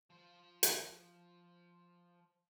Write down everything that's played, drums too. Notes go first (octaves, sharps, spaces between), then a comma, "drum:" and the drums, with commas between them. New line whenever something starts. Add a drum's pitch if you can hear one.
F3 C5
drum: hi-hat